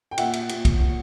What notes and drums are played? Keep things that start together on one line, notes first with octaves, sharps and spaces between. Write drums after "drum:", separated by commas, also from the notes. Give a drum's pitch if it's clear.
G5
A#2 E5 F#5, drum: cymbal
drum: cymbal
A#2, drum: cymbal
drum: kick, cymbal
A#2